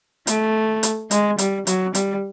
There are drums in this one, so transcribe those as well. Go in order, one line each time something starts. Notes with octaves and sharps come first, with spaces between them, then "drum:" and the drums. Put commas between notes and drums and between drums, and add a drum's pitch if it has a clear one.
A3, drum: hi-hat
drum: hi-hat
G#3, drum: hi-hat
G3, drum: hi-hat
F#3, drum: hi-hat
G3, drum: hi-hat